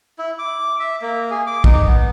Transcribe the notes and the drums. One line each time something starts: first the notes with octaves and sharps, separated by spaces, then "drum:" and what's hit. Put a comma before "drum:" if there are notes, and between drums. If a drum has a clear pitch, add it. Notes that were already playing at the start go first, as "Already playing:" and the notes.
E4
D6
E5
A#3
G#4
D6
D#4, drum: kick
B3